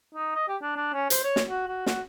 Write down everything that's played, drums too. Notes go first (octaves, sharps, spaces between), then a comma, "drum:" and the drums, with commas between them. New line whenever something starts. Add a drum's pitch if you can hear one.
D#4
D#5
G4
D4
D4
C#4
C5, drum: hi-hat
C#5
drum: snare
F#4
F#4
F#4, drum: snare